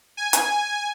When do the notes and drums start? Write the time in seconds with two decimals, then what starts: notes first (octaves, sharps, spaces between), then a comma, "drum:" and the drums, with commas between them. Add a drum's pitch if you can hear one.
0.17 G#5
0.33 drum: hi-hat